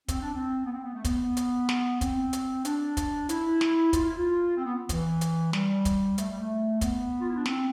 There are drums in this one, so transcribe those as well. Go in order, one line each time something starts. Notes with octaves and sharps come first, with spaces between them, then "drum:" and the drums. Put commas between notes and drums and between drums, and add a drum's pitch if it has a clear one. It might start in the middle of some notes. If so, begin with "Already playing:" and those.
C4, drum: kick, hi-hat
D4
C4
B3
C4
B3
A3
B3, drum: kick, hi-hat
drum: hi-hat
drum: snare
C4, drum: kick, hi-hat
drum: hi-hat
D4, drum: hi-hat
drum: kick, hi-hat
E4, drum: hi-hat
drum: snare
F4, drum: kick, hi-hat
E4
F4
C4
B3
E3, drum: kick, hi-hat
drum: hi-hat
G3, drum: snare
drum: kick, hi-hat
A3, drum: hi-hat
G3
A3
B3, drum: kick, hi-hat
F4
E4
D4
C4, drum: snare